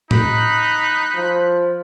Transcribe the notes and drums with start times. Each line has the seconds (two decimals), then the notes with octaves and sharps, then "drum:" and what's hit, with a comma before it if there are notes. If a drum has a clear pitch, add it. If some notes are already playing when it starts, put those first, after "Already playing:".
0.11 D#4 B5 F#6, drum: tom A2
1.15 F3